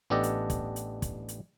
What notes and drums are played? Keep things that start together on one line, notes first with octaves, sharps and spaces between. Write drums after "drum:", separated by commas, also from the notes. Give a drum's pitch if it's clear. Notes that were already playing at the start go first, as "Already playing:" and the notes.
A1 B3 D4 G4 A4 D#5
drum: hi-hat
drum: kick, hi-hat
drum: hi-hat
drum: kick, hi-hat
drum: hi-hat